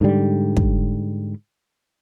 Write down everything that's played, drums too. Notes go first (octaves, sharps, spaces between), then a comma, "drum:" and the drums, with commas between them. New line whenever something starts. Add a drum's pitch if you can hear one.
G#2 D3 G3
drum: kick